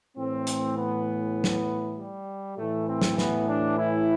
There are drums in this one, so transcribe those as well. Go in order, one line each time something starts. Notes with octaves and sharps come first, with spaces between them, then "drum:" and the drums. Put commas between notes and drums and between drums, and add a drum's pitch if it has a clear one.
A2 E3 C4
drum: hi-hat
B3
drum: snare
G3
A2 E3 A3
C4
drum: snare
B3, drum: snare
D4
E4